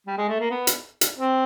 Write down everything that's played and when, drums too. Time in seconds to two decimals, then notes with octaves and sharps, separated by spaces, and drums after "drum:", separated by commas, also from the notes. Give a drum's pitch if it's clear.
0.07 G3
0.17 G#3
0.29 A3
0.40 A#3
0.50 B3
0.67 drum: hi-hat
1.01 drum: hi-hat
1.18 C4